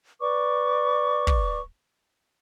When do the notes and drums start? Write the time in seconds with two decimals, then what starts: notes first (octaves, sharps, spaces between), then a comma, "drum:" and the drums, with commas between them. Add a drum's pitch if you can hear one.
0.20 B4 D5 C#6 D6
1.27 drum: kick